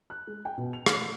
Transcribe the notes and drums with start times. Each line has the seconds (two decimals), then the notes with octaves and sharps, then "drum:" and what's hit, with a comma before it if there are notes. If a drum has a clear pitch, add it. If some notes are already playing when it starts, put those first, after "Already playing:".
0.10 F#6
0.27 G#3
0.45 G5
0.58 B2
0.73 F7
0.86 F6, drum: rim click
1.01 A3